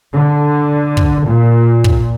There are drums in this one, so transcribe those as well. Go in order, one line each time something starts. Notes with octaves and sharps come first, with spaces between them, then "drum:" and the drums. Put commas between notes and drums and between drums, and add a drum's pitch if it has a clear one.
D3
drum: kick
A#2
drum: kick